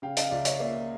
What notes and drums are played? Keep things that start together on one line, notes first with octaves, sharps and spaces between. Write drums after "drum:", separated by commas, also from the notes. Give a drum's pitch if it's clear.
C#3 F5 G5
D#5 F5, drum: hi-hat
C#2 D5 E5
C#5 D#5, drum: hi-hat
A#3 D5 E5